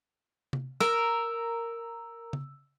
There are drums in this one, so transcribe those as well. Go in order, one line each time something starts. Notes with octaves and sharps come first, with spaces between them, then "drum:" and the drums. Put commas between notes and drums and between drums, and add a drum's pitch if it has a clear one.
drum: tom C3
A#4 E6, drum: snare
drum: tom C#3